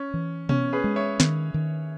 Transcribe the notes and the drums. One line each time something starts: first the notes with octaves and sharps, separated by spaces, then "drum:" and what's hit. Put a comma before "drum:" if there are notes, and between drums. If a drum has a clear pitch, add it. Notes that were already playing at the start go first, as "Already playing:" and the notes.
Already playing: C#4
E3
B3 C#4, drum: tom B2
G#4 B4
G#3
C#5 E5
D#3, drum: snare
D#3